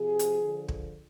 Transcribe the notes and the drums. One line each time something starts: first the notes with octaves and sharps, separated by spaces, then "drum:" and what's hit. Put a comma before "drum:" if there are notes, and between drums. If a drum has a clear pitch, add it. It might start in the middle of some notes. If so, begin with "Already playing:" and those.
Already playing: C3 F3 G#4
drum: hi-hat
D3 F3
drum: kick